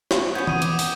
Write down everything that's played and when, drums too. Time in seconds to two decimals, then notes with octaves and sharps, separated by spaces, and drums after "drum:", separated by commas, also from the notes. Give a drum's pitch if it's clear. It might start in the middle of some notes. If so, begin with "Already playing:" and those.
0.11 drum: snare
0.35 B3 C#4 G6 G#6
0.47 D#6 D#7, drum: tom
0.62 D6 D#6, drum: hi-hat
0.79 drum: open hi-hat